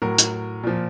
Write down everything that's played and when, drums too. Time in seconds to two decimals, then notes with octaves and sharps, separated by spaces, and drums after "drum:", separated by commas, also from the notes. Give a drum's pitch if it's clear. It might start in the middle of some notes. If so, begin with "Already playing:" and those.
0.02 A2 F#3 A#4
0.18 drum: hi-hat
0.63 A#2 F3